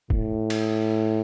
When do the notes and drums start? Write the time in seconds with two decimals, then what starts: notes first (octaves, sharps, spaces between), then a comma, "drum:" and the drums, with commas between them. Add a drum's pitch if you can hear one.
0.10 A2, drum: kick
0.50 drum: cymbal